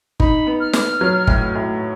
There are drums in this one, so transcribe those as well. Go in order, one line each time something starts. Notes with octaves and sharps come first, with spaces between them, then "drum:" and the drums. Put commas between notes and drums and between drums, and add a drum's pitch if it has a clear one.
D#4 B5, drum: kick G1
B3
F6
B3, drum: snare
F#3
A2, drum: kick G1
A2